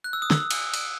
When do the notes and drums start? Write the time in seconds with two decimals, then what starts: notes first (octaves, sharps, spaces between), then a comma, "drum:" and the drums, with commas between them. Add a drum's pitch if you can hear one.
0.04 F#6
0.13 E6
0.22 D#6
0.31 E6, drum: snare
0.51 drum: cymbal
0.74 drum: cymbal